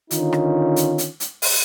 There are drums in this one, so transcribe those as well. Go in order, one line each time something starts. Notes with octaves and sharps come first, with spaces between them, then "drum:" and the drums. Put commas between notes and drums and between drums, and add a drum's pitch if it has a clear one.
D3 D#3 C#4 D#4 F4, drum: hi-hat
drum: rim click
drum: hi-hat
drum: hi-hat
drum: hi-hat
drum: open hi-hat